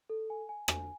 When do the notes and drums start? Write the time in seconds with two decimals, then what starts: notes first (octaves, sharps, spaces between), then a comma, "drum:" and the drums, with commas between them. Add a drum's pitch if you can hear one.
0.10 A4
0.30 G#5
0.49 G#5
0.68 G#5, drum: rim click